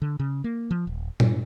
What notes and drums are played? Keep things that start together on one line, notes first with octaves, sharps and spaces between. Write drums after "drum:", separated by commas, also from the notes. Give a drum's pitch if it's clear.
D3
C#3
A#3
F3
D#1
G2, drum: tom A#2